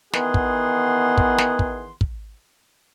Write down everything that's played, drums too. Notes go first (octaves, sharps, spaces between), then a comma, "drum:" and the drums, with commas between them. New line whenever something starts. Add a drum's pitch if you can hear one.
D#3 E3 B3 G#4 F#5 C6, drum: snare
drum: kick
drum: kick
drum: snare
drum: kick
drum: kick